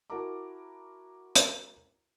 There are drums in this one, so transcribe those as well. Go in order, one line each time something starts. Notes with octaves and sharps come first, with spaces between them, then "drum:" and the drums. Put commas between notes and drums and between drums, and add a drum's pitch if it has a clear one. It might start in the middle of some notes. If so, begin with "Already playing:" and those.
E4 F#4 A#4 A5 A#5 D6
drum: hi-hat